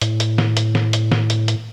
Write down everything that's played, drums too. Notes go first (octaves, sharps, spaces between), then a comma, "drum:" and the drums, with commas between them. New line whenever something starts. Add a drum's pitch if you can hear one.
A2, drum: hi-hat
drum: hi-hat
drum: snare
drum: hi-hat
drum: snare
drum: hi-hat
drum: snare
drum: hi-hat
drum: hi-hat